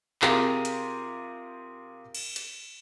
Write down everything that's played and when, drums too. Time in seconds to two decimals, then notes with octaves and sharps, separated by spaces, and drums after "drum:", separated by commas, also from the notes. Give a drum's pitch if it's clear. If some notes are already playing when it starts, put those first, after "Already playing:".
0.22 C3 F4 G4 G#4 A#4, drum: clap
0.65 drum: hi-hat
2.15 drum: cymbal
2.36 drum: hi-hat